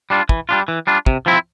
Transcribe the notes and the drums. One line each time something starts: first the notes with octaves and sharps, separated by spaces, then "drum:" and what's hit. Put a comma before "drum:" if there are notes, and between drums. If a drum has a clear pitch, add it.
G3 D4 F4
E3, drum: kick
G3 D4 F4
E3
G3 D4 F4
C3, drum: kick
F3 C4 E4